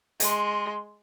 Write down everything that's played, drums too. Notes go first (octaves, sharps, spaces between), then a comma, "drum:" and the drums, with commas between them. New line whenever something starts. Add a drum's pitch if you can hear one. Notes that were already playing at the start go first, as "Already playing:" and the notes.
G#3 C6, drum: hi-hat